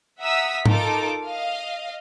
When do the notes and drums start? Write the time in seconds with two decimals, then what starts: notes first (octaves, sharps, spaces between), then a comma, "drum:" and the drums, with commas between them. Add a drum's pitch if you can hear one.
0.20 E5 F#5 A#5 D#6 E6 B6
0.66 D#4 F4 A4 A#4 D6, drum: tom G#2
1.25 D#5 F5